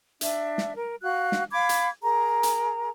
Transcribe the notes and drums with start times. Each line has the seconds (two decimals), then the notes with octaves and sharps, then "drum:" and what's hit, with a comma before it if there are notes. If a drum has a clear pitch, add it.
0.21 D4 E5, drum: hi-hat
0.58 drum: snare
0.75 A#4
1.02 F#4 F5 F#6
1.32 drum: snare
1.51 F5 B5 D6 G#6
1.69 drum: hi-hat
2.03 G#4 A#4 A#5
2.43 drum: hi-hat